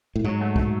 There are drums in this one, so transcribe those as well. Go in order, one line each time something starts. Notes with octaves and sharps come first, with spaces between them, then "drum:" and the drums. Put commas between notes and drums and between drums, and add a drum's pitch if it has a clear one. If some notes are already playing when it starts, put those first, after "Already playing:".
A2
G#2 F#3
A3
A3, drum: kick